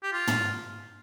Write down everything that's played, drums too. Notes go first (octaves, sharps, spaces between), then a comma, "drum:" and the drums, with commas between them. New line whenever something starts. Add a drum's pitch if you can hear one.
G4
F4
drum: tom